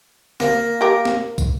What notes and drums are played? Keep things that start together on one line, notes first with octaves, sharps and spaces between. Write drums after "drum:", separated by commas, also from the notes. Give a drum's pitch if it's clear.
A#3, drum: snare
G4 A#4
drum: snare
drum: kick, tambourine